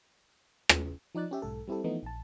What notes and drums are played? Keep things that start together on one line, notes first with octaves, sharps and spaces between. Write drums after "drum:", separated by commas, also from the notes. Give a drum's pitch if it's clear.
drum: rim click
F3 D#4 D5 F#6 A6
C#4 G4 E5
B1 G#2 A4
G3 C4 E4 G4 A4
E3 F3 A3 B3 D#4
A#1 A5